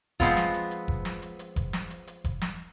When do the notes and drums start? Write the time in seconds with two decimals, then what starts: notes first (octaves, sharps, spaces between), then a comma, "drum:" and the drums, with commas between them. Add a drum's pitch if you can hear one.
0.20 F3 G#3 B3 C4 F4, drum: kick F1, hi-hat
0.37 drum: snare
0.54 drum: hi-hat
0.71 drum: hi-hat
0.88 drum: kick F1
1.05 drum: snare
1.22 drum: hi-hat
1.39 drum: hi-hat
1.56 drum: kick F1, hi-hat
1.73 drum: snare
1.90 drum: hi-hat
2.07 drum: hi-hat
2.24 drum: kick F1, hi-hat
2.42 drum: snare